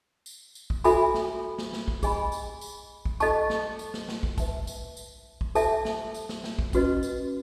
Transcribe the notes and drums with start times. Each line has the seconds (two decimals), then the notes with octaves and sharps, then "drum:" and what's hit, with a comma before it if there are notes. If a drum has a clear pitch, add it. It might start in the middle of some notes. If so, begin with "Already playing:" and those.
0.26 drum: tambourine
0.55 drum: tambourine
0.70 drum: kick
0.84 F#4 A4 E5 G#5 B5, drum: tambourine
1.14 drum: snare
1.58 drum: snare
1.73 drum: snare
1.88 drum: kick
2.03 G#4 D#5 G#5 B5, drum: kick, tambourine
2.32 drum: tambourine
2.61 drum: tambourine
3.05 drum: kick
3.20 A4 D#5 A5 C#6, drum: tambourine
3.50 drum: snare
3.79 drum: tambourine
3.94 drum: snare
4.08 drum: snare
4.23 drum: kick
4.38 B4 E5 A5, drum: kick, tambourine
4.67 drum: tambourine
4.97 drum: tambourine
5.41 drum: kick
5.55 A4 E5 A5, drum: tambourine
5.85 drum: snare
6.14 drum: tambourine
6.29 drum: snare
6.44 drum: snare
6.59 drum: kick
6.73 C#4 F#4 B4 D#5, drum: kick, tambourine
7.03 drum: tambourine